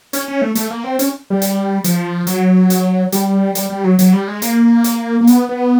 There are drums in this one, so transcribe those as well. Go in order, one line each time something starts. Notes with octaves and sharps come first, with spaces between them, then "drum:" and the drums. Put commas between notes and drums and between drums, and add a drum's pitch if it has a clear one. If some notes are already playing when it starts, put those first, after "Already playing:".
C#4, drum: hi-hat
C#4
A3
A3, drum: hi-hat
A#3
C4
C#4, drum: hi-hat
G3
drum: hi-hat
F3, drum: hi-hat
F#3, drum: hi-hat
drum: hi-hat
G3, drum: hi-hat
G3, drum: hi-hat
G3
F#3
F#3, drum: hi-hat
G3
G#3
A#3, drum: hi-hat
drum: hi-hat
A#3
B3, drum: hi-hat
B3